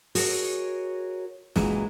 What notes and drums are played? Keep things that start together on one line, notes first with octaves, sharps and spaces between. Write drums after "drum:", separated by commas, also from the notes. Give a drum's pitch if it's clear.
F#4 G#4 A#4 C#5 D#5, drum: open hi-hat
F#2 A#2 E3 F#3 G#3, drum: snare